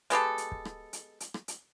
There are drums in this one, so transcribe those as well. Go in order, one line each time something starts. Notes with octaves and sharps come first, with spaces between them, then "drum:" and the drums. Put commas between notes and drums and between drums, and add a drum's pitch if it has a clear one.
G#3 B3 G4 A4, drum: hi-hat
drum: hi-hat
drum: kick
drum: rim click
drum: hi-hat
drum: hi-hat
drum: rim click
drum: hi-hat